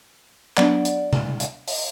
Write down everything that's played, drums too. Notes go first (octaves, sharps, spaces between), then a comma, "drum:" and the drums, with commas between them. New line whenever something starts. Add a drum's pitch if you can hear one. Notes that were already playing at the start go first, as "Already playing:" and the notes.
F#3 B3 D4 D5 F#5, drum: clap
drum: hi-hat
drum: tom C3
drum: hi-hat
drum: open hi-hat